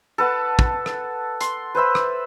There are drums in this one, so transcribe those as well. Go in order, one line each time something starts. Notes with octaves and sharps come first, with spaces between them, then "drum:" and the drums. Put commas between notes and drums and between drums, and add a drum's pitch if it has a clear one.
A4 B4 F#5 A5
drum: kick
drum: rim click
C6, drum: hi-hat
B4 C5 E5 B5
drum: rim click